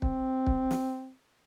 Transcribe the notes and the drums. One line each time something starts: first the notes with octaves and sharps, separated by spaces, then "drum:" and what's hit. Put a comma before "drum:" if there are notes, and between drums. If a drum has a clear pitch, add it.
C4, drum: kick
drum: kick
drum: snare